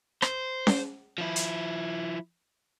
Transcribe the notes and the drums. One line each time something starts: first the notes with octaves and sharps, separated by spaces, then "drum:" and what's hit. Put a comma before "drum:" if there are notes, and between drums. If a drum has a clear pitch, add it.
C5, drum: rim click
drum: snare C#4
F3 E4
drum: hi-hat